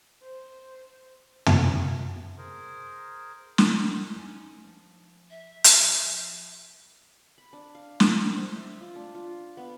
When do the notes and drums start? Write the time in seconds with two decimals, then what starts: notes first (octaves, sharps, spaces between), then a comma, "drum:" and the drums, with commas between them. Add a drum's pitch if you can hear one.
0.22 C5
1.46 drum: tom
2.38 G#4 A#4 C5
3.58 drum: snare
4.16 C#4 D#4 G#5
4.64 F3
5.30 E5
5.64 drum: hi-hat
5.81 F3
7.38 B5
7.53 D4
7.75 F5
8.00 D5, drum: snare
8.36 C5
8.56 E5
8.81 F4
8.96 D4
9.15 F4
9.57 B3